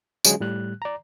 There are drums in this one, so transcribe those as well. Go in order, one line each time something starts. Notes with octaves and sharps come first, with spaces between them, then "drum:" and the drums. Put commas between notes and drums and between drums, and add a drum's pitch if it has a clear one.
D3 F#3 G#3 C#4 G#4, drum: tambourine
A2 G3 F#6
D5 A#5